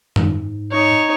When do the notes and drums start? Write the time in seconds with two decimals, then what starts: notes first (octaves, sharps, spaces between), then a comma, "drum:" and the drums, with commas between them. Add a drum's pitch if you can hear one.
0.16 G#2, drum: tom F#2
0.71 D#4 C#5